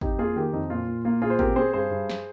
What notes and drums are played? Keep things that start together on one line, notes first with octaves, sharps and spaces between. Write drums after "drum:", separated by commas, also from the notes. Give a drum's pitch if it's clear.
F2 D#4 G4, drum: kick
A#3 F4 G#4
D#3 G4 A#4
F2 D#4
A#2 F4
A#2
A#3 F4
A#2 F4 G#4
C5
C4 G4 A#4, drum: kick
C4 G#4 C5
G2 G#4 C5
G2
drum: snare